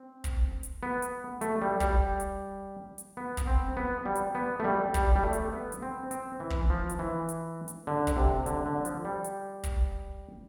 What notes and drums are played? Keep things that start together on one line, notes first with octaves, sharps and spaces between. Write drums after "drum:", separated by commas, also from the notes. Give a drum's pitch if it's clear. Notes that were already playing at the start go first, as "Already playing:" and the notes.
Already playing: C4
drum: kick, hi-hat
drum: hi-hat
B3
drum: hi-hat
A3, drum: hi-hat
G3
G3, drum: kick, hi-hat
drum: hi-hat
drum: hi-hat
B3
drum: kick, hi-hat
C4
B3
G3
drum: hi-hat
B3
A3
G3
G3, drum: kick, hi-hat
G3
A3
drum: hi-hat
B3
drum: hi-hat
C4
C4, drum: hi-hat
E3
drum: kick
F3
drum: hi-hat
E3
drum: hi-hat
drum: hi-hat
D3
drum: kick, hi-hat
C3
D3, drum: hi-hat
D3
F3, drum: hi-hat
G3
drum: hi-hat
drum: kick, hi-hat